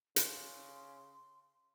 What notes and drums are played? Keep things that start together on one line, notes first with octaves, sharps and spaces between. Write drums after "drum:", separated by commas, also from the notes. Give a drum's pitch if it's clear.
C#3 C6, drum: hi-hat